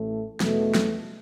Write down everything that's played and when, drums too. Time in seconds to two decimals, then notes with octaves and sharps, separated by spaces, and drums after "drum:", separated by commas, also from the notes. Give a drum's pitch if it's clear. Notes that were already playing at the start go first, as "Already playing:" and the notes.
Already playing: A1 A2 A3
0.40 E2 B2 A3, drum: snare
0.75 drum: snare